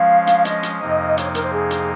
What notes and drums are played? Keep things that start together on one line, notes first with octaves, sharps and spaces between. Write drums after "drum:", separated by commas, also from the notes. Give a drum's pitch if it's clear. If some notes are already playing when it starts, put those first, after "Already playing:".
Already playing: F3 G#3 C#4 F5
drum: hi-hat
D#5, drum: hi-hat
drum: hi-hat
F2 C3 F3 A#3 D#4
C#5, drum: hi-hat
A#4, drum: hi-hat
C5
G#4
drum: hi-hat